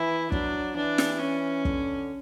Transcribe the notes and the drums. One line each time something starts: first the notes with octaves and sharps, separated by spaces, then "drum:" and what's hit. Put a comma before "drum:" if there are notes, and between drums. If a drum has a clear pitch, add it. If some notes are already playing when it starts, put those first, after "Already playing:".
Already playing: E3 E4
F#3 D4, drum: kick
E3 D4
drum: snare
C#4
D3, drum: kick